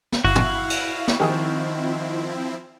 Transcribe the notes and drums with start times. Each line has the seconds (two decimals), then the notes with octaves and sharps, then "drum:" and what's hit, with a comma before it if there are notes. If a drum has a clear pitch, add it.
0.12 drum: snare
0.25 G1 E4 F#4 F5
0.35 drum: tom
0.70 drum: cymbal
1.08 drum: snare
1.20 D#3 F3 C4 E4 G4 G#4 D#5